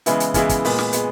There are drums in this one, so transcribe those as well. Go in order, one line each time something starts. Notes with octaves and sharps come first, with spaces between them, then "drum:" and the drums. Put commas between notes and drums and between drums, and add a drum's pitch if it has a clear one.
C#3 E3 G#3 B3 E4, drum: hi-hat
drum: hi-hat
C#3 E3 G#3 B3 E4, drum: kick, hi-hat
drum: kick, hi-hat
A#2 G#3 B3, drum: open hi-hat
drum: snare
G#3 B3, drum: hi-hat